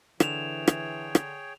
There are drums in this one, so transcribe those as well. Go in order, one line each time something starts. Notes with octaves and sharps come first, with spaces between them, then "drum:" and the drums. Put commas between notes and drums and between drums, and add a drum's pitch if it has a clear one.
D3 E3 G#4 C#5 G5 E7 F7, drum: rim click
drum: rim click
drum: rim click